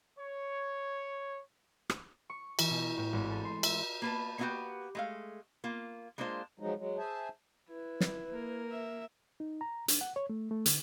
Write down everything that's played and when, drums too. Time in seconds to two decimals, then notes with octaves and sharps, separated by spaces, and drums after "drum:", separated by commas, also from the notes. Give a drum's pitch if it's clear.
0.20 C#5
1.90 drum: rim click
2.30 C#6
2.59 E3, drum: cymbal
2.70 B2
2.82 A#5
2.97 A2
3.13 G#1
3.31 A4
3.45 C6
3.63 E5, drum: cymbal
4.02 A#3 B4 A5
4.38 A#3 B3 C#4 E4 F#4 G4
4.95 G#3 A3 F5
5.64 A#3 F4
6.18 G#3 A#3 D4 F4 C5
6.60 F3 F#3 G#3 D#4
6.77 F#3 G#3
6.98 G#4 C5 E5 G#5 A5
7.69 E4 B4
8.01 drum: snare
8.31 A#3 A#4
8.71 E5
9.40 D#4
9.61 A#5
9.88 D4, drum: hi-hat
10.01 F#5
10.16 C#5
10.30 A3
10.51 A3
10.66 D3, drum: hi-hat